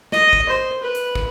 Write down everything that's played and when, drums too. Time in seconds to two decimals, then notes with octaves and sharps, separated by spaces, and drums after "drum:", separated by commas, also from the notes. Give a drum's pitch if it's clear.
0.12 D#5, drum: snare
0.33 drum: kick
0.49 C5
0.83 B4
0.95 drum: hi-hat
1.15 drum: kick